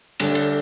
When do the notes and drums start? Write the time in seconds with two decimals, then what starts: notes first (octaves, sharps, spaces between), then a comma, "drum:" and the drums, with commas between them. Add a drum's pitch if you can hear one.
0.20 D3 G3 D4 A4 C#5, drum: cymbal
0.35 drum: cymbal